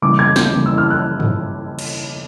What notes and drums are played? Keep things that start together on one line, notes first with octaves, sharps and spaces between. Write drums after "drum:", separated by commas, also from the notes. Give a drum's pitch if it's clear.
C#3 E3 G3 A#3 D6
G#6
G6, drum: snare
C#3 E3 G3 A#3
E6
F6
F#6
drum: tom G2
drum: cymbal